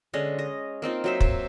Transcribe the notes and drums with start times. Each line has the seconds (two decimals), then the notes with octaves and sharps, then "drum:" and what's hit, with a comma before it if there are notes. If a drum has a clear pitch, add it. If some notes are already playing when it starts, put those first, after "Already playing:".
0.14 D3 G#3 C#4 D#5
0.39 D#5
0.82 A#3 C4 D#4 F4
1.04 F#3 C5 E5
1.21 drum: kick